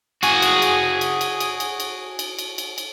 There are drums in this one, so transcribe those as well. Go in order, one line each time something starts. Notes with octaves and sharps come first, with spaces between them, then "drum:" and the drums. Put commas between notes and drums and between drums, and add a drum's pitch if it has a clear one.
F#4 G#4, drum: cymbal
drum: cymbal
drum: cymbal
drum: cymbal
drum: cymbal
drum: cymbal
drum: cymbal
drum: cymbal
drum: cymbal
drum: cymbal
drum: cymbal
drum: cymbal